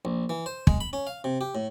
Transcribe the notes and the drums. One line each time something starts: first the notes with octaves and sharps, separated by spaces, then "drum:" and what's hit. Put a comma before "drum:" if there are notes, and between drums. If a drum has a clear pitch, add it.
A#1
E3
C5
G#3, drum: kick
B5
C#4
F5
C3
G4
A2